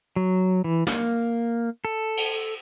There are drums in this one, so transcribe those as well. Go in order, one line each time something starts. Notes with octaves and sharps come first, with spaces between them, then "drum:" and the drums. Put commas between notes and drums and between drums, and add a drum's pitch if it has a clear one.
F#3
E3
A#3, drum: snare
A4
drum: cymbal